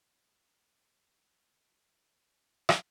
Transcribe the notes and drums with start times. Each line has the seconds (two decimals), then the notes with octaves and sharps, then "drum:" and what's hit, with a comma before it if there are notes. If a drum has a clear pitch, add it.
0.11 G4 A#4 D5
2.69 drum: rim click